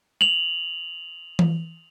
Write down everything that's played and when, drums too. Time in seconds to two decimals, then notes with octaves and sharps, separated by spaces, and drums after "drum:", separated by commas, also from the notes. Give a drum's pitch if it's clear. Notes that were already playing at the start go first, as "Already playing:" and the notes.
0.21 F7 F#7
1.39 drum: tom E3